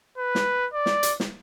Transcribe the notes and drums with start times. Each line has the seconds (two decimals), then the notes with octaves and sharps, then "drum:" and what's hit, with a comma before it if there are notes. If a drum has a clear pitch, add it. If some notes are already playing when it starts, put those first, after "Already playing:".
0.18 B4
0.35 drum: snare
0.74 D5
0.86 drum: snare
1.03 drum: hi-hat
1.20 drum: snare